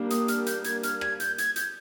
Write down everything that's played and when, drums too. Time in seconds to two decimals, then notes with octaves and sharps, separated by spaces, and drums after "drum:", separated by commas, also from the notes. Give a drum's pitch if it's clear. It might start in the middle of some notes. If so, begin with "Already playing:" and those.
Already playing: G3 A#3 D4
0.10 D#6, drum: hi-hat
0.28 F6, drum: hi-hat
0.46 G6, drum: hi-hat
0.64 G#6, drum: hi-hat
0.83 F6, drum: hi-hat
1.01 G#6, drum: rim click
1.20 G6, drum: hi-hat
1.38 G#6, drum: hi-hat
1.56 G6, drum: hi-hat